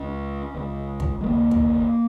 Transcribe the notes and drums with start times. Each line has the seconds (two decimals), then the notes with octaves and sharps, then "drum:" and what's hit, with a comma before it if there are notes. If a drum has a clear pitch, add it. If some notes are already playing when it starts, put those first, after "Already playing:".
Already playing: C#2 C#3 C#4
0.54 C#2 C#3
1.00 drum: kick
1.21 G#3
1.27 D#2 C#3 A#3
1.51 drum: kick